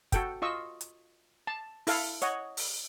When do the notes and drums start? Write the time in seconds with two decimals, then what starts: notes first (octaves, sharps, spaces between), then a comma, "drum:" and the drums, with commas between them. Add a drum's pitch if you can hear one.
0.12 F#4 A4 G5, drum: kick, hi-hat
0.42 F4 D#5 C#6 E6
0.81 drum: hi-hat
1.47 A5
1.87 E4 A4 F5, drum: open hi-hat
2.22 C#5 D#5 F#5, drum: hi-hat
2.57 drum: open hi-hat